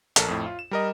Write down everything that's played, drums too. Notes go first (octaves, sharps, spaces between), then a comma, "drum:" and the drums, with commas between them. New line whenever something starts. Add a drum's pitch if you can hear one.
A#1 A4 A#4, drum: hi-hat
F2 A2
F4
E7
G3 A#4 D#5